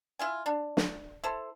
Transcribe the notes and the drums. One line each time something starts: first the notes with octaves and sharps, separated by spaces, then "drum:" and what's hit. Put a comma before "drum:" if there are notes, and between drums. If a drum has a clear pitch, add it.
E4 F4 G#5
D4
drum: snare
E4 A4 C5